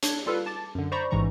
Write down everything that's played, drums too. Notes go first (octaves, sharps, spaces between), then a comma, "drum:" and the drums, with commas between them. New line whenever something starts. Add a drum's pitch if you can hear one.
D4 C#5, drum: hi-hat
G3 F4 A4 B4 F5
A5 D6 A6
F#2 D3
C5 D5 A#5 B5 C#6
A1 G#2 E3 A#5 C#6